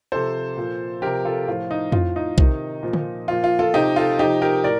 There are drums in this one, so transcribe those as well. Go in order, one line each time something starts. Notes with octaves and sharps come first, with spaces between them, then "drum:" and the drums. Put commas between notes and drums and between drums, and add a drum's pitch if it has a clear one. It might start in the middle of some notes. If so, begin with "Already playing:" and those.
C3 F3 A4 C5
A#2 F3
C3 F3 G4 A#4
F4 A4
A2 F3 F4
D#4
A2 F3 F4, drum: tom F2
D#4
C3 D#3, drum: kick B1
A#2 F3
drum: tom D3
A#2 F3 F4
F4
F4 A4
C3 F3 D#4 G4
F4 A4
C3 F3 D#4 G4
G4 A#4
A2 A#4 D5